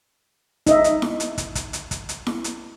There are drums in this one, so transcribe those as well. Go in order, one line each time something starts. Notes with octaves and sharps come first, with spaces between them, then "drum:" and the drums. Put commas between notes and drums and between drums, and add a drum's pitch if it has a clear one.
D#4 D#5 E5, drum: kick, hi-hat
drum: hi-hat
drum: snare E4
drum: hi-hat
drum: kick, hi-hat
drum: kick, hi-hat
drum: hi-hat
drum: kick, hi-hat
drum: hi-hat
drum: snare E4
drum: hi-hat